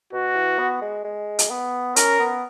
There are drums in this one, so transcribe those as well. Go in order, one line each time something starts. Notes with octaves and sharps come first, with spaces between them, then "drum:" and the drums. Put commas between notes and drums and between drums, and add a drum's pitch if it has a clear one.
B2 F#4
E3
B3
G#3
G#3
drum: hi-hat
B3
C#4 A#4, drum: hi-hat
B3